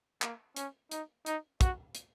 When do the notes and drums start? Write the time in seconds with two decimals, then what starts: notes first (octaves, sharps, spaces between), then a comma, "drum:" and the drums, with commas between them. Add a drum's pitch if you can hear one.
0.22 A#3, drum: clap
0.56 C#4, drum: hi-hat
0.91 D#4, drum: hi-hat
1.26 D#4, drum: hi-hat
1.61 F#4, drum: kick, hi-hat
1.95 drum: hi-hat